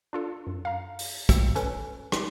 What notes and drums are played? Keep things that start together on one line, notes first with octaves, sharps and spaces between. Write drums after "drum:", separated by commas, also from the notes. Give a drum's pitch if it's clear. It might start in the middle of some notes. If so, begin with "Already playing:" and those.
D4 F4 A4
F#2
F5 A#5
drum: open hi-hat
B2 G5 E6 C#7, drum: kick, hi-hat
C#4 A4 B4, drum: hi-hat
drum: rim click